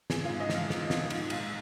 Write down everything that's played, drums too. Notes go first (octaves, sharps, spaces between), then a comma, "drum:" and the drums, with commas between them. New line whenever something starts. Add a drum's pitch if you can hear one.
G#1 G#4, drum: snare
G#2 F4
D#5
F3, drum: snare
F5
G#1, drum: snare
G#1, drum: snare
G#2, drum: cymbal
A#1 F5, drum: cymbal